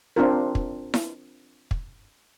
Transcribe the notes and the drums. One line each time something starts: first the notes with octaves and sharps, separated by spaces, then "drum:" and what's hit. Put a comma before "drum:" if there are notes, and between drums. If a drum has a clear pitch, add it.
C4 D4 F4 A#4
drum: kick
drum: snare E4
drum: kick